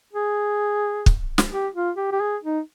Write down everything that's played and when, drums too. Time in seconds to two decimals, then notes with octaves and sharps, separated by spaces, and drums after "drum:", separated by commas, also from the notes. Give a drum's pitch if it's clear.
0.13 G#4
1.06 drum: kick
1.38 drum: snare
1.52 G4
1.75 F4
1.97 G4
2.12 G4
2.21 G#4
2.44 D#4